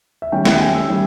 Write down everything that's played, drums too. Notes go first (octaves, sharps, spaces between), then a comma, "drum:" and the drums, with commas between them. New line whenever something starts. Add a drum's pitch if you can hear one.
E5
D#3 G3 C#4 G5
E5, drum: snare
G5
G#5
E6
D#3 G3